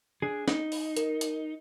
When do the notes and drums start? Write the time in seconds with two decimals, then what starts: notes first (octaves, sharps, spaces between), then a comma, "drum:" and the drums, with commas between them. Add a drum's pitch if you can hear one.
0.22 D4 G#4
0.48 D#4, drum: snare
0.72 drum: open hi-hat
0.97 A#4, drum: hi-hat
1.21 drum: hi-hat